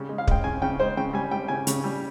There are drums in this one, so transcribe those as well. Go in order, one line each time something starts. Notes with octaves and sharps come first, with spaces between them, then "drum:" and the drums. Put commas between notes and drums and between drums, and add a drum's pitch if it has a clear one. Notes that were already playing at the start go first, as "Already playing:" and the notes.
Already playing: C#3 G3
G#3
F5
G#3 G5, drum: kick
C#3 G#5
C#3 G5
G#3 C5
C#3 G5
G3 G#5
G3 G5
C#3 G#5
C#3, drum: hi-hat
G3